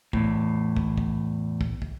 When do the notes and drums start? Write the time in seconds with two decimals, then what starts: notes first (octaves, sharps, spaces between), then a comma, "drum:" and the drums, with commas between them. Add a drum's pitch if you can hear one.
0.13 E2 A2, drum: kick
0.76 drum: kick
0.98 drum: kick
1.61 drum: kick
1.82 drum: kick